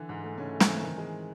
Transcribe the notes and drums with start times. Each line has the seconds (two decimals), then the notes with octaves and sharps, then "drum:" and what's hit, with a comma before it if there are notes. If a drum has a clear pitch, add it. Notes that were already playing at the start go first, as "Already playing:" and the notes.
Already playing: D3 E3
0.09 G#2
0.24 A3
0.38 G#2 C#3 C#4
0.53 A3
0.60 C4, drum: snare
0.68 E3
0.83 D#3
0.98 G#3